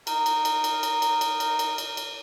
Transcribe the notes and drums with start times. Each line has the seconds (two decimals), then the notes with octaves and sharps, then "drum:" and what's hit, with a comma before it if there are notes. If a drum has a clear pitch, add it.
0.07 D#4 A#4, drum: cymbal
0.26 drum: cymbal
0.45 drum: cymbal
0.64 drum: cymbal
0.83 drum: cymbal
1.02 drum: cymbal
1.21 drum: cymbal
1.40 drum: cymbal
1.59 drum: cymbal
1.78 drum: cymbal
1.97 drum: cymbal